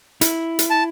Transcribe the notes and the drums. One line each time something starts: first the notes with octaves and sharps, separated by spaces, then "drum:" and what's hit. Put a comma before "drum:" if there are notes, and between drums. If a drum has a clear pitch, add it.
E4, drum: hi-hat
drum: hi-hat
A5